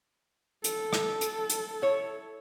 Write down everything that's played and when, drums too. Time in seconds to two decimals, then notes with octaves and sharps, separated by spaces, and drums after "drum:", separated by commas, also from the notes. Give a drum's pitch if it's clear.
0.64 A4, drum: hi-hat
0.93 drum: rim click
1.21 drum: hi-hat
1.50 drum: hi-hat
1.82 E4 C#5